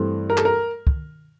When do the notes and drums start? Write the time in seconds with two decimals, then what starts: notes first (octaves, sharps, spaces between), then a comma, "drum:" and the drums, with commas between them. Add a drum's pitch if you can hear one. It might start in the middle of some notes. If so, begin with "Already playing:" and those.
Already playing: G2 E3 A3 C4
0.30 A#4
0.37 A4, drum: clap
0.45 A#4
0.87 drum: kick